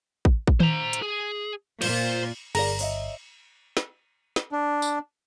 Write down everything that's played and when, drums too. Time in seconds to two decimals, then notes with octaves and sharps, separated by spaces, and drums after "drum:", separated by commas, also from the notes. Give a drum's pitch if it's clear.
0.25 drum: kick
0.47 drum: kick
0.60 C5 A#5, drum: tom D#3
0.93 drum: hi-hat
1.02 G#4
1.82 A#2 F4 C5, drum: cymbal
2.55 G1 G#4 A#4 D5 A#5, drum: cymbal
2.79 C#5 D#5 E5, drum: open hi-hat
3.77 drum: snare
4.36 drum: snare
4.52 D4
4.82 drum: tambourine